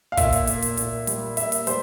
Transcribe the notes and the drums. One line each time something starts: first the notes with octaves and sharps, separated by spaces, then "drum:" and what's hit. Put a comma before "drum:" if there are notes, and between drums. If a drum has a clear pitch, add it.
F5
A#2 E5, drum: kick, hi-hat
drum: hi-hat
A#3, drum: hi-hat
drum: hi-hat
A#2, drum: hi-hat
G3, drum: hi-hat
A#3 E5, drum: hi-hat
drum: hi-hat
G3 C5, drum: hi-hat